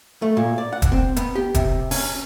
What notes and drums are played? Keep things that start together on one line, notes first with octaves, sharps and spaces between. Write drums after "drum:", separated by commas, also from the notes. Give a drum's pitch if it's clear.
A3
A#2
D5
F#5
drum: kick, hi-hat
C4
B3, drum: hi-hat
G4
C3, drum: kick, hi-hat
C#4, drum: open hi-hat